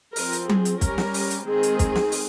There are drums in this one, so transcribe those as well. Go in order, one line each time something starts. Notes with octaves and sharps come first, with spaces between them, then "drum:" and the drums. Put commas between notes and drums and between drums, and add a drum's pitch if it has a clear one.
F3 C4 A#4, drum: open hi-hat
drum: hi-hat
G#4, drum: tom F#3
drum: hi-hat
G3 C#4 A#4, drum: kick, hi-hat
drum: snare
drum: open hi-hat
drum: hi-hat
D#3 G#3 C4 G#4
drum: hi-hat
drum: kick, hi-hat
drum: snare
drum: open hi-hat